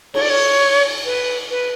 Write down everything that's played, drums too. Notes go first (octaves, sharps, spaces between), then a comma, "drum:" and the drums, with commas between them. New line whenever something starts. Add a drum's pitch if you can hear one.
C#5, drum: cymbal
D5
C#5
B4
B4